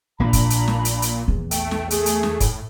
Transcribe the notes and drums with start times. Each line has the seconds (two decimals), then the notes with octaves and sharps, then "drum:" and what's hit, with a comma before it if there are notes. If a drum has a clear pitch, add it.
0.20 A#1 A#2 A#3 D4 A#5 B5
0.33 drum: kick, hi-hat
0.50 drum: hi-hat
0.68 drum: snare
0.85 drum: hi-hat
1.02 drum: hi-hat
1.28 E2
1.51 A3 G5, drum: hi-hat
1.71 drum: snare
1.90 A3 G#4, drum: hi-hat
2.06 drum: hi-hat
2.23 drum: snare
2.40 A2, drum: kick, hi-hat